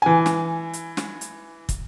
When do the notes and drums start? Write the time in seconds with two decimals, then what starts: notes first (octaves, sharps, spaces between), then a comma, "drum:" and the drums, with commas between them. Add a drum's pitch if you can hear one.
0.02 E3 G#5
0.26 drum: snare
0.73 drum: hi-hat
0.97 drum: snare
1.21 drum: hi-hat
1.69 drum: kick, hi-hat